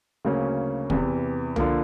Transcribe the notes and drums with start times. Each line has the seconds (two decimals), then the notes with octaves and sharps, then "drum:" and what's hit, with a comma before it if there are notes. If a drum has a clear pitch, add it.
0.25 D2 C#3 F#3 A#3 C#4
0.90 E2 C3 E3, drum: kick
1.56 D3 F3 A#3, drum: tom C2